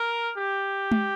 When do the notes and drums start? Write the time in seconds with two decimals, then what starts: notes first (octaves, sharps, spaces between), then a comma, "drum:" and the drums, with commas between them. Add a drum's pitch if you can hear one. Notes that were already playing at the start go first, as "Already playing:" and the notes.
Already playing: A#4
0.38 G4
0.91 drum: tom G#3